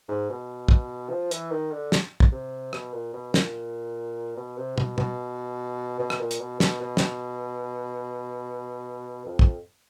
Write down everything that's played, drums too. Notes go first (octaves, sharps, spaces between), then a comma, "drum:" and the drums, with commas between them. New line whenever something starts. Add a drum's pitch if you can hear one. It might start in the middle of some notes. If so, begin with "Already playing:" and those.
G#2
B2
drum: kick
F3
E3, drum: hi-hat
D#3
D3
drum: snare
drum: kick
C3
B2, drum: rim click
A#2
B2
A#2, drum: snare
B2
C3
B2, drum: tom
B2, drum: tom
B2
drum: rim click
A#2
drum: hi-hat
B2
B2, drum: snare
B2
drum: snare
F2
drum: kick